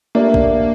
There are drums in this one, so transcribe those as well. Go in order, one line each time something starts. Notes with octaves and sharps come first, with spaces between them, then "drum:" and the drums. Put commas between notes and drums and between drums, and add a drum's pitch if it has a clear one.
A3 A#3 D4 G4 A#4 D5
drum: kick A1